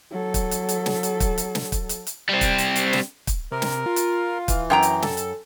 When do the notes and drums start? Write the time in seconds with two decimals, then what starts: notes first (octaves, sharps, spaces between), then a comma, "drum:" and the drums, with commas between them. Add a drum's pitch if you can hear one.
0.12 F#3 A4
0.34 drum: kick, hi-hat
0.51 drum: hi-hat
0.69 drum: hi-hat
0.86 drum: snare
1.03 drum: hi-hat
1.20 drum: kick, hi-hat
1.38 drum: hi-hat
1.55 drum: snare
1.72 drum: kick, hi-hat
1.89 drum: hi-hat
2.07 drum: hi-hat
2.29 G3 C4
2.41 drum: kick, hi-hat
2.58 drum: hi-hat
2.76 drum: hi-hat
2.93 drum: snare
3.27 drum: kick, hi-hat
3.52 C3 A#4
3.62 drum: snare
3.86 F4
3.96 drum: hi-hat
4.48 E3, drum: kick, hi-hat
4.70 F#2 G5 A#5
4.83 drum: hi-hat
5.02 A4, drum: snare
5.17 drum: hi-hat